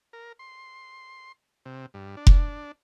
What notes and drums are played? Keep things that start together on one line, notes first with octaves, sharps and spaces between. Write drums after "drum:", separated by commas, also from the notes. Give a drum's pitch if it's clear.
A#4
C6
C3
G2
D4
drum: kick F1